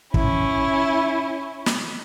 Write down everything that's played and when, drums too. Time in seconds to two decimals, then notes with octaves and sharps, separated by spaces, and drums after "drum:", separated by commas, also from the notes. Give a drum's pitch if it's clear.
0.14 C#4 E4, drum: kick
1.66 drum: snare